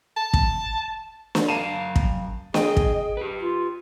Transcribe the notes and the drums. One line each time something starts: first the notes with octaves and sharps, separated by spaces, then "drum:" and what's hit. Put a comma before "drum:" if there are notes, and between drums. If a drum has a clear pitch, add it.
A5
drum: kick
drum: snare
F#2 F5 A5 A#5 D#7 E7
drum: kick
G#4 D#5 G5, drum: snare
drum: kick
G4 B4
F4